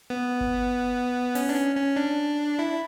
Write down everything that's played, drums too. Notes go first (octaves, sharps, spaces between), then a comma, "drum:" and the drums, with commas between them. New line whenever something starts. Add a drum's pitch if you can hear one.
B3
drum: kick G1
C#4, drum: open hi-hat
D4
C#4
C#4
D4
E4